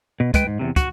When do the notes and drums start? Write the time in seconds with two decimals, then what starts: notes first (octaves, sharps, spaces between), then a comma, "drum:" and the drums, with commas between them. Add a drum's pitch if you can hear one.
0.20 B2
0.34 G#3 B4 G5, drum: kick, hi-hat
0.47 G#2
0.59 E2 G2 C3
0.76 F#4, drum: kick, hi-hat